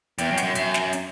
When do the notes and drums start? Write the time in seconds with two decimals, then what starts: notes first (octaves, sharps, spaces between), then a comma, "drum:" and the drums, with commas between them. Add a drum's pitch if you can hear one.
0.18 E2 G5, drum: hi-hat
0.31 F#2 G5
0.38 F#5, drum: hi-hat
0.43 F#2
0.55 F#2 E5, drum: hi-hat
0.74 drum: snare
0.93 drum: hi-hat